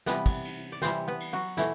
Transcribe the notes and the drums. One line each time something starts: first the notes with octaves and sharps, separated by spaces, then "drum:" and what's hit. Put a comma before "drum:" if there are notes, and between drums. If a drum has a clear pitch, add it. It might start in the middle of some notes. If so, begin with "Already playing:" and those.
C3 E3 G3 B3 B4, drum: snare
drum: kick, cymbal
drum: cymbal
D5
C3 E3 G3 C4 C5, drum: snare
B3 B4
drum: cymbal
F#3 F#4
B2 E3 A3 E4, drum: snare